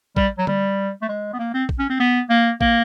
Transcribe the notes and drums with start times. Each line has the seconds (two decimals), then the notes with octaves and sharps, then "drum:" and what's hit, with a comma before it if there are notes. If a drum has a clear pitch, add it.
0.16 G3, drum: kick
0.38 F#3
0.47 G3, drum: tom D3
1.02 A3
1.08 G#3
1.33 B3
1.39 A#3
1.54 C4
1.69 drum: kick
1.79 C#4
1.89 C4
1.99 B3
2.29 A#3
2.61 A#3, drum: kick